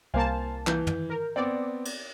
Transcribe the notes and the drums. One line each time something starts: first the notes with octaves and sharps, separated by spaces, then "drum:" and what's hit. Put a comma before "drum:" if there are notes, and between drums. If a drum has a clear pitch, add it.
C2 A#3 C5 F5 G#5 A5
E3 G6, drum: clap
drum: tom
A#4
B3 C4 D5
drum: cymbal